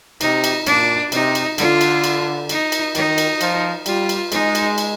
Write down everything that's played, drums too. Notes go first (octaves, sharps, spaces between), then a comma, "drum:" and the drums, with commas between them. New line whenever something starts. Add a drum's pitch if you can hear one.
C3 D#4, drum: cymbal
drum: cymbal
A#2 D4, drum: cymbal
C3 D#4, drum: cymbal
drum: cymbal
D3 F4, drum: cymbal
drum: cymbal
drum: cymbal
D#4, drum: cymbal
drum: cymbal
D#3 D#4, drum: cymbal
drum: cymbal
F3, drum: cymbal
G3 F4, drum: cymbal
drum: cymbal
G#3 D#4, drum: cymbal
drum: cymbal
drum: cymbal